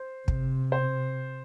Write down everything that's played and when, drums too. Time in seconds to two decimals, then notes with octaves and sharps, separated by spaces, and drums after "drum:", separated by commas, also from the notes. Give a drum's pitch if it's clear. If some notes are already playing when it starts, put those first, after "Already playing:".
Already playing: C5
0.28 C3, drum: kick
0.72 C5